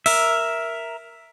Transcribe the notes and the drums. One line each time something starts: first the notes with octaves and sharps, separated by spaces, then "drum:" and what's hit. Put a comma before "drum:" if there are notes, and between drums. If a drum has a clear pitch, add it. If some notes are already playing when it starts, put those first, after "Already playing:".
A#4 E5, drum: open hi-hat